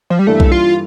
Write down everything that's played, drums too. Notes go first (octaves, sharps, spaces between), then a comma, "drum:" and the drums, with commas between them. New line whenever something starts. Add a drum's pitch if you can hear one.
F3
G3
G2 E3 A3 A#3 D4 A4
drum: kick B1
F4